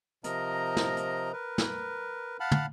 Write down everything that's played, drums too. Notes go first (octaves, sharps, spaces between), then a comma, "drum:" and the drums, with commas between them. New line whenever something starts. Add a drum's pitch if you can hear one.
C3 F3 A#4 D#5 A#5, drum: hi-hat
drum: snare
drum: hi-hat
A#4 B4
drum: snare
F5 F#5 A5 B5 F6
drum: tom